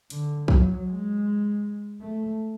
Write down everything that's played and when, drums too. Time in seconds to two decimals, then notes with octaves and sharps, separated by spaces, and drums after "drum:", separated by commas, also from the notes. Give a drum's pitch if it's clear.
0.10 D3, drum: hi-hat
0.48 F#3, drum: kick
0.87 G#3
2.01 A3